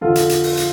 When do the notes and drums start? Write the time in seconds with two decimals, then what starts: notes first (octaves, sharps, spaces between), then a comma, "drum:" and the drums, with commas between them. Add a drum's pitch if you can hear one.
0.01 F2 D3 F3 F4 A4
0.16 drum: hi-hat
0.29 drum: hi-hat
0.43 drum: open hi-hat
0.57 drum: hi-hat